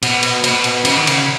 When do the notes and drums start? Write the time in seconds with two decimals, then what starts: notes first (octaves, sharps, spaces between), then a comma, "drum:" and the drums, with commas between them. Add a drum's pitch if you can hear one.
0.03 B2, drum: cymbal
0.23 drum: cymbal
0.44 B2, drum: cymbal
0.64 drum: cymbal
0.85 C#3, drum: cymbal
0.96 D#3
1.07 C#3, drum: cymbal